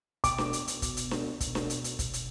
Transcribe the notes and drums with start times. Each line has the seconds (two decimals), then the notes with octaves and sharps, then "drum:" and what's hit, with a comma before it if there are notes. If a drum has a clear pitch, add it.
0.24 B2 D6, drum: kick, hi-hat
0.38 drum: snare D4
0.53 drum: hi-hat
0.68 drum: hi-hat
0.82 drum: kick, hi-hat
0.97 drum: hi-hat
1.11 drum: snare D4
1.41 drum: kick, hi-hat
1.55 drum: snare D4
1.70 drum: hi-hat
1.84 drum: hi-hat
1.99 drum: kick, hi-hat
2.13 drum: hi-hat